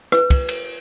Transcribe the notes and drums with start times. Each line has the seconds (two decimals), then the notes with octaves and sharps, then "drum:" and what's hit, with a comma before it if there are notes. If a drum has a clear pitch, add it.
0.12 B4, drum: rim click
0.30 drum: kick, cymbal
0.49 drum: cymbal